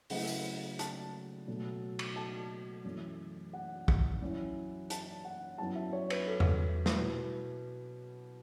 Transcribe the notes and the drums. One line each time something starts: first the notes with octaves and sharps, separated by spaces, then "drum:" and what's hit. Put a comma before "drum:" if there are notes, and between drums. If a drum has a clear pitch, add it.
C#3 F#3 A3 E4 F#5, drum: open hi-hat
drum: tambourine
A5, drum: hi-hat
B2 F#3 A3
drum: cymbal
A5
F#2 E3 A3 C#4
F#5
drum: kick
F#2 E3 C#4 E4
A5, drum: hi-hat
F#5
F#2 F#3 B3 E4 A5
E5
C#5
B4, drum: cymbal
A4
drum: tom E2
drum: snare
B2 B3 E4 B4